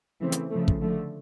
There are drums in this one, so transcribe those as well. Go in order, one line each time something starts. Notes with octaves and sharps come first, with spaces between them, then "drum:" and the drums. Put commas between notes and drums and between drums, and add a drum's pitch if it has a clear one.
C#3 E3 A3 C4
drum: hi-hat
C#3 F3 A3
drum: kick
D3 F3 A3